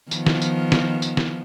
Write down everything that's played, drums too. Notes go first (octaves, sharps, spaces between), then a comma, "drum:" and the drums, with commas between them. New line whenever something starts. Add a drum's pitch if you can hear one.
D#3 F3 B3, drum: tambourine
drum: snare
drum: tambourine
drum: snare
drum: tambourine
drum: snare